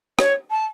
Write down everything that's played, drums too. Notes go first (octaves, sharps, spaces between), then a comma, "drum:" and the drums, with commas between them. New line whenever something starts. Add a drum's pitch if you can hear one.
C#5, drum: rim click
A5